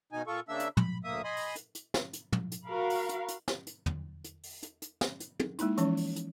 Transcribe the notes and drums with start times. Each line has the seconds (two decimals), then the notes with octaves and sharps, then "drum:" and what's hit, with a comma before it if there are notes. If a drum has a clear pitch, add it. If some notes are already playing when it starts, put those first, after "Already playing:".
0.12 B2 D#3 D#4 G#5
0.27 A#2 F4 A4 C#6
0.49 C#3 A#3 D4 E5 E6
0.60 drum: hi-hat
0.77 B5, drum: tom
1.04 D2 A#3 E5 D#6
1.24 D#5 G#5 B5 C6
1.37 drum: open hi-hat
1.56 drum: hi-hat
1.75 drum: hi-hat
1.94 drum: snare
2.13 drum: hi-hat
2.33 drum: tom
2.52 drum: hi-hat
2.66 F#4 A#4 F5 B5
2.90 drum: open hi-hat
3.09 drum: hi-hat
3.28 drum: hi-hat
3.48 drum: snare
3.67 drum: hi-hat
3.86 drum: tom
4.24 drum: hi-hat
4.44 drum: open hi-hat
4.63 drum: hi-hat
4.82 drum: hi-hat
5.01 drum: snare
5.20 drum: hi-hat
5.40 drum: tom
5.59 G#3 A#3 D#4 E4, drum: hi-hat
5.77 E3 F3 G#3 C#4 C#5, drum: hi-hat
5.97 drum: open hi-hat
6.16 drum: hi-hat